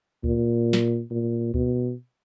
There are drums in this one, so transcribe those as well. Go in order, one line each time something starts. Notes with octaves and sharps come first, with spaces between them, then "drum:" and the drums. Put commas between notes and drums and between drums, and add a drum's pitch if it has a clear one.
A#2, drum: kick D2
drum: snare
A#2
B2, drum: kick D2